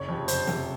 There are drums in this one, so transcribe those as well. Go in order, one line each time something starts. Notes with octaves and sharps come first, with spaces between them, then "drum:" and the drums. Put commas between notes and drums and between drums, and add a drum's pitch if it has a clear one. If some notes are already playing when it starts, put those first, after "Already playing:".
Already playing: F#1 C#5
F2 C3
F#1 C5, drum: hi-hat
F2 C3, drum: snare